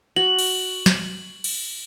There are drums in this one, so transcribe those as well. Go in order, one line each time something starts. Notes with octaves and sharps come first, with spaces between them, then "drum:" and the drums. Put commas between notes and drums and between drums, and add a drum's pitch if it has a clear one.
F#4 F#7
drum: cymbal
drum: snare
drum: cymbal